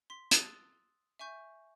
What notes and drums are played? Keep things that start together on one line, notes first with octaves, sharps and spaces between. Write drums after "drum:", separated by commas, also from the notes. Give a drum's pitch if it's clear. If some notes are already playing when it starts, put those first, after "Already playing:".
C6 B6
D#6 E6 F#6 A6, drum: hi-hat
E5 G#5 C#6 G6